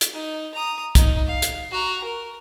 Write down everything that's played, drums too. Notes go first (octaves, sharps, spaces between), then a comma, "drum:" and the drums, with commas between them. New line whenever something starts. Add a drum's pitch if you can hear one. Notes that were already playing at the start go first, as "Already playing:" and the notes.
drum: hi-hat
D#4
A#5 D#6
D#4, drum: kick, hi-hat
F5
drum: hi-hat
F#4 A#5
A#4